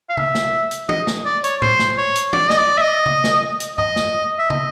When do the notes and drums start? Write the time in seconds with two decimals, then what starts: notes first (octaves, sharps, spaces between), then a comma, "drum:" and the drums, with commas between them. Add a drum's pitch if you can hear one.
0.09 F5
0.17 E5, drum: tom
0.35 drum: snare
0.71 drum: hi-hat
0.89 D#5, drum: tom
1.07 drum: snare
1.26 D5
1.44 C#5, drum: hi-hat
1.62 C5, drum: tom A2
1.79 drum: snare
1.97 C#5
2.16 drum: hi-hat
2.33 D5, drum: tom
2.50 D#5, drum: snare
2.58 D5
2.78 E5
2.82 D#5
3.06 drum: tom
3.24 drum: snare
3.60 drum: hi-hat
3.78 D#5, drum: tom G2
3.96 drum: snare
4.39 E5
4.50 D#5, drum: tom